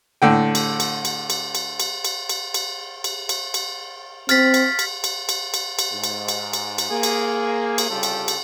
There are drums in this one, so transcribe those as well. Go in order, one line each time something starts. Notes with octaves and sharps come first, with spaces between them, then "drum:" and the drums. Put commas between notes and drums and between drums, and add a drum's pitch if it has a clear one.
A2 D3 G5
drum: cymbal
drum: cymbal
drum: cymbal
drum: cymbal
drum: cymbal
drum: cymbal
drum: cymbal
drum: cymbal
drum: cymbal
drum: cymbal
drum: cymbal
drum: cymbal
C4 F6 A6 B6, drum: cymbal
drum: cymbal
drum: cymbal
drum: cymbal
drum: cymbal
drum: cymbal
drum: cymbal
G#2
drum: cymbal
drum: cymbal
drum: cymbal
drum: cymbal
A#3 G#4
drum: cymbal
drum: cymbal
C2 C#3 G3 F4 G4 A4
drum: cymbal
drum: cymbal